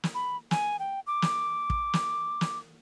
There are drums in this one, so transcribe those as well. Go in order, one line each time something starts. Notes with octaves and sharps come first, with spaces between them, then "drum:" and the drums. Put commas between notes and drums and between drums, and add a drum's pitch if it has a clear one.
drum: snare
B5
G#5, drum: snare
G5
D6
drum: snare
drum: kick
drum: snare
drum: snare